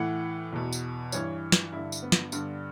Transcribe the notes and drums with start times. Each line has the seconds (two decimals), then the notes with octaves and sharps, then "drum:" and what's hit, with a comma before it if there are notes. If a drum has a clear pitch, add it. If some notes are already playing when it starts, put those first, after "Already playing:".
Already playing: A2 E3 F#5
0.53 E2 B2
0.73 drum: tambourine
1.12 G2 E3 C#5, drum: tambourine
1.52 drum: snare
1.72 G2 D3 E4
1.92 drum: tambourine
2.03 B3
2.12 drum: snare
2.32 G2 D3, drum: tambourine